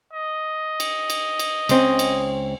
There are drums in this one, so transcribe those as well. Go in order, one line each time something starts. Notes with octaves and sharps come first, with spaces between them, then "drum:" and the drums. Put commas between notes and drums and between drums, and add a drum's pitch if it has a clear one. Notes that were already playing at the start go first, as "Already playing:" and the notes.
D#5
drum: cymbal
drum: cymbal
drum: cymbal
C#2 C4 C#4, drum: cymbal
drum: cymbal